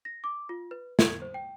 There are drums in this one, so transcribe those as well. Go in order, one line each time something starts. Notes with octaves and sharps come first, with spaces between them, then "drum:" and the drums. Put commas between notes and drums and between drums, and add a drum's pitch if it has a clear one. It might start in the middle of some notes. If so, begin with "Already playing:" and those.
A#6
D6
F4
B4
G#6, drum: snare
C5
G5